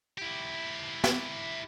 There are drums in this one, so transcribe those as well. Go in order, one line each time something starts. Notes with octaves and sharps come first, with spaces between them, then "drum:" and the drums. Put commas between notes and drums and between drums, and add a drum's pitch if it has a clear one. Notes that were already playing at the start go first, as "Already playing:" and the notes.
E4 G4
drum: snare